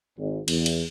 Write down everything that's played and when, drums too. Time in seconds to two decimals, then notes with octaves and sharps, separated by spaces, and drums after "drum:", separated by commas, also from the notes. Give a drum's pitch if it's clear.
0.18 G#1
0.48 E2, drum: cymbal
0.66 drum: cymbal